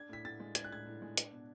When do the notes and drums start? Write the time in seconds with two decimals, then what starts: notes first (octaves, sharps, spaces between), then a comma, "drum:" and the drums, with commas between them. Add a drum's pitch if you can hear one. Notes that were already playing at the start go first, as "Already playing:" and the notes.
Already playing: D4 G#6
0.09 A2 B6
0.25 A2 A6
0.40 G#3
0.55 D4 G#6, drum: hi-hat
0.64 F#6
0.71 A2 G#6
0.87 A2
1.02 G#3
1.17 D4, drum: hi-hat
1.32 B2